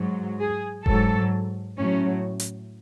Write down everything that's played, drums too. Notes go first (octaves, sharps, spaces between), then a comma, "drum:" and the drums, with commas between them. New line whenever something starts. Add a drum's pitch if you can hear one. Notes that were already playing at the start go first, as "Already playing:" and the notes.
Already playing: G#2 F#3
G#4
G#2 F#3 A4, drum: kick F1
A2 F#3 C#4
drum: hi-hat